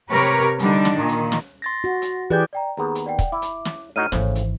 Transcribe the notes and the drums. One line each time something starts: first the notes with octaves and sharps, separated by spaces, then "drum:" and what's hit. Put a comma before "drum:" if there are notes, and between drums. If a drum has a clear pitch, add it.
C3 G4 A#4 B4 C#5
D3 G3 D4 D#4, drum: hi-hat
drum: snare
A#2 D#3
drum: hi-hat
drum: snare
C6 A6 A#6
F#4
drum: hi-hat
E3 G4 G#4 B4 D5 G6
D5 G5 A#5
D#2 B3 G#4 A#5
drum: hi-hat
D5 F#5 G5
drum: kick, hi-hat
E4 D6
drum: hi-hat
drum: snare
A2 D#4 F#4 F6 D#7
G#1 A2 C#3 E3 C5, drum: snare
drum: hi-hat